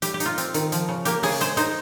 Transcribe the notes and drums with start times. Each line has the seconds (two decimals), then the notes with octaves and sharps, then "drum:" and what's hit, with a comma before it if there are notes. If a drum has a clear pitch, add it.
0.02 G3 G4, drum: hi-hat
0.14 G4
0.20 D#4, drum: hi-hat
0.26 F4
0.38 C4, drum: hi-hat
0.54 D#3, drum: hi-hat
0.72 F3, drum: hi-hat
0.89 C#3
1.05 A#3 G4, drum: hi-hat
1.23 C#3 G#4, drum: open hi-hat
1.41 G#3 C5, drum: hi-hat
1.57 D#4 C5, drum: hi-hat